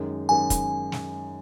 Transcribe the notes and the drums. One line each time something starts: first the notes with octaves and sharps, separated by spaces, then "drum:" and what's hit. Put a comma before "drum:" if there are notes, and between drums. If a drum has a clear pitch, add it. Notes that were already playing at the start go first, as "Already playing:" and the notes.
Already playing: F#2 D#3 G#3
F#2 D#3 G#3 G#5
drum: kick, hi-hat
drum: snare